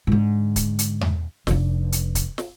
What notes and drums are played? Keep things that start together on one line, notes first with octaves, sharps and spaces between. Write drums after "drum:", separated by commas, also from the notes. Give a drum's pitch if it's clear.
G#2 D3
drum: kick D1, hi-hat
drum: hi-hat
drum: tom E2
F1 D4, drum: snare
drum: hi-hat
drum: kick D1, hi-hat
drum: snare